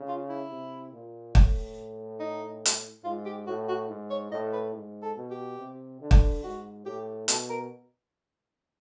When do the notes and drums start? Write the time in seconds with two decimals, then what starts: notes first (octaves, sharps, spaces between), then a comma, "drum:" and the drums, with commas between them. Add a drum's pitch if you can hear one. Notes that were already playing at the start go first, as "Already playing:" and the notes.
Already playing: C#3
0.08 F4
0.29 E4
0.50 C3
0.93 A#2
1.35 A2, drum: kick
2.20 D#4
2.66 drum: hi-hat
3.04 G#2 F4
3.26 G4
3.47 A2 F#4
3.68 F#4
3.89 G#2
4.10 C#5
4.32 A2 D#5
4.53 B4
4.74 G#2
5.02 A4
5.16 B2
5.31 G4
5.59 C3
6.01 D3
6.11 drum: kick
6.44 G#2 F#4
6.86 A2 G4
7.28 B2 A4, drum: hi-hat
7.50 A#4